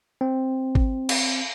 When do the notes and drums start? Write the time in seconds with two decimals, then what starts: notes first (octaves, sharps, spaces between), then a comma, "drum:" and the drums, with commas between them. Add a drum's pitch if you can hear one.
0.21 C4
0.75 drum: kick
1.09 drum: cymbal